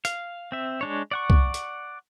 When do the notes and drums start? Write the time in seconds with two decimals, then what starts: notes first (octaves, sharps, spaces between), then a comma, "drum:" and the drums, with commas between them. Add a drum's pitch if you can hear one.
0.05 F5, drum: hi-hat
0.52 C4 E5
0.81 G#3 D4 C#5
1.11 D5 F#5 C#6
1.30 drum: kick
1.54 drum: hi-hat